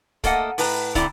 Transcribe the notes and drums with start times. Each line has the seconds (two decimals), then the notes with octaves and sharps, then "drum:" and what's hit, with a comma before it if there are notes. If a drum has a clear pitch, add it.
0.24 A3 A#3 D#5 F#5, drum: kick, hi-hat
0.58 A2 B4 A#5, drum: open hi-hat
0.95 A2 D3 C4 E4 D5 A#5, drum: kick, hi-hat